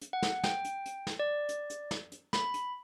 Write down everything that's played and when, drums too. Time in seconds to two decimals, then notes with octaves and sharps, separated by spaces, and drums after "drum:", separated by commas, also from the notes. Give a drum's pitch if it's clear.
0.01 drum: hi-hat
0.13 F#5
0.23 drum: snare
0.44 G5, drum: snare
0.65 drum: hi-hat
0.86 drum: hi-hat
1.07 drum: snare
1.19 D5
1.49 drum: hi-hat
1.70 drum: hi-hat
1.91 drum: snare
2.12 drum: hi-hat
2.33 B5, drum: snare
2.54 drum: hi-hat